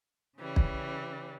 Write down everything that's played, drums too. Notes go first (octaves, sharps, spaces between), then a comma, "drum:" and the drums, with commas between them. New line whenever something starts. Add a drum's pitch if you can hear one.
C#3 E3 G3 C#4
drum: kick